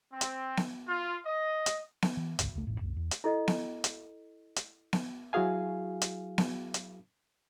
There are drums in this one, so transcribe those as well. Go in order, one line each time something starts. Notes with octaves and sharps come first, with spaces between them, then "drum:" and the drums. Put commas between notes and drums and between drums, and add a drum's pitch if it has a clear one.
C4
drum: hi-hat
drum: snare B3
F4
D#5
drum: hi-hat
drum: snare B3
E3
G#1 C#2 G2, drum: hi-hat
E1 C#2 A3
E1 A1 A2
C2 F#2
E2
drum: hi-hat
E4 A4 D#5
drum: snare B3
drum: hi-hat
drum: hi-hat
drum: snare B3
F#3 E4 F#4 G#4 F5 G#5
drum: hi-hat
drum: snare B3
drum: hi-hat